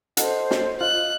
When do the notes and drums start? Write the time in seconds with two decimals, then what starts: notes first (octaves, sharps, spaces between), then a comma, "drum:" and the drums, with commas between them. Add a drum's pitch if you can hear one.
0.17 A4 C5 D#5 F#5, drum: hi-hat
0.51 drum: snare
0.81 F4 D#5 F6 F#6